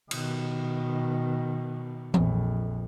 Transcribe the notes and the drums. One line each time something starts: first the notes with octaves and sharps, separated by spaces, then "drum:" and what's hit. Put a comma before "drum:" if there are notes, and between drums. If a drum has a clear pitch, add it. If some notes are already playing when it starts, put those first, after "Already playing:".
B2 D#3, drum: cymbal
A#1 F2, drum: tom E3